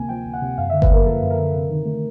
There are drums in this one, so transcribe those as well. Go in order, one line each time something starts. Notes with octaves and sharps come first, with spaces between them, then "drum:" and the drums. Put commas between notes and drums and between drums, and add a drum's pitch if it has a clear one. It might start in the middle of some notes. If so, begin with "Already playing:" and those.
Already playing: D2 C3 A#3 G#5
F3 G5
D2
F#5
C3
F#2 F5
D3 E5
B4, drum: kick G1
A#3 A#4
F3 A4
F#2
A#4
D3
C3
D#3
A3